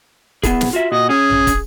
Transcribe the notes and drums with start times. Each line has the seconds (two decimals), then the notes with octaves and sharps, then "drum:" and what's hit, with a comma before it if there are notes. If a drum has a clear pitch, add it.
0.43 B3 E4 G#4, drum: kick, hi-hat
0.61 drum: snare
0.73 F4 F#4 E5
0.92 A#2 F#4 D#5
1.09 C#4 G#4
1.30 drum: tom A1
1.47 drum: kick, hi-hat